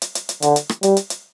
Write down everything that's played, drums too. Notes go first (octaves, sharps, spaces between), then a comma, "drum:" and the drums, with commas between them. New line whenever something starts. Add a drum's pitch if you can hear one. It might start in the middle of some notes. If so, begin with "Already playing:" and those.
drum: hi-hat
drum: hi-hat
drum: hi-hat
D3, drum: hi-hat
drum: hi-hat
drum: rim click
G3, drum: hi-hat
drum: hi-hat
drum: hi-hat